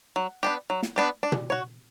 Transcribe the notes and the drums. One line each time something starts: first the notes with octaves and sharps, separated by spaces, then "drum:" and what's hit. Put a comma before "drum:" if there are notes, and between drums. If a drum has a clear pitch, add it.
F#3
B3 D4 G4
F#3
drum: snare
B3 D4 G4
D4
drum: tom B2
F#4 C#5